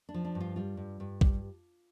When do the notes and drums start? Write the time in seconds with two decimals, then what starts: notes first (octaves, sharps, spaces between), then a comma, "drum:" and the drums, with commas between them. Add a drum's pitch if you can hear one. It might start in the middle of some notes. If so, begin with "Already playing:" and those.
0.09 D4
0.14 F3
0.25 D4
0.35 G2
0.40 F4
0.56 G3 F4
0.77 G2
1.00 G2
1.21 G3, drum: kick